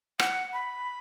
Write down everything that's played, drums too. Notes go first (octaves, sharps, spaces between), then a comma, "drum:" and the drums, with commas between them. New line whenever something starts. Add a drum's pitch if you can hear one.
F#5, drum: rim click
B5